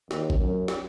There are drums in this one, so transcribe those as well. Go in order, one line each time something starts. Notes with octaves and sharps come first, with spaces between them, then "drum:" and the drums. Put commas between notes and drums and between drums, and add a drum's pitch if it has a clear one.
D#2, drum: snare
drum: kick G#1
F#2
drum: snare